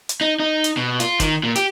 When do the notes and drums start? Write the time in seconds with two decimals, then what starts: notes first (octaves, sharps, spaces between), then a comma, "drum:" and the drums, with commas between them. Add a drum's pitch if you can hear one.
0.09 drum: hi-hat
0.21 D#4
0.40 D#4
0.64 drum: hi-hat
0.77 B2
1.00 F4, drum: hi-hat
1.20 D#3, drum: kick, hi-hat
1.43 A#2
1.56 G4, drum: hi-hat